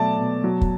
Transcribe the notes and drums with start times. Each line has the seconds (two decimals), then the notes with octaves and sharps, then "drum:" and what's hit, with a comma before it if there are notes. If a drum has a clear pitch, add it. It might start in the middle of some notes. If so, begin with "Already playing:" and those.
Already playing: B2 F#3 A3 D5 A5
0.18 B2
0.44 F#3
0.61 drum: kick